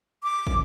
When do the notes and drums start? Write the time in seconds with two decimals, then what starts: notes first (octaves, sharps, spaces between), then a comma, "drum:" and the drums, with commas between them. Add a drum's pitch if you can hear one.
0.23 D6
0.47 drum: kick